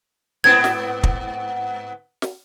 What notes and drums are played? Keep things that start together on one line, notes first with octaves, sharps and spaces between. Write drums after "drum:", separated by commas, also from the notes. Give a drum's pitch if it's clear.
G#2 B3 C4 G#6
drum: snare
drum: kick
drum: snare